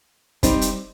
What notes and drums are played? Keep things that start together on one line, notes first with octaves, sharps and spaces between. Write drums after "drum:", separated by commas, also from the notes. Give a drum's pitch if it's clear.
G3 C4 D#4, drum: kick, hi-hat
drum: hi-hat